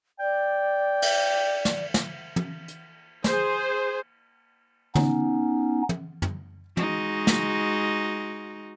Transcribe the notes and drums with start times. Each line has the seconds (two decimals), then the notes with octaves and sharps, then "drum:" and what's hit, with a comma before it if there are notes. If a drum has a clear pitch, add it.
0.20 D5 G5
1.02 drum: cymbal
1.65 drum: snare
1.94 drum: snare
2.36 drum: tom
2.68 drum: hi-hat
3.24 G#4 C5, drum: snare
4.95 B3 C#4 D#4, drum: tom
5.89 drum: tom
6.22 drum: tom
6.77 G#3 D#4 F#4, drum: tom
7.27 drum: snare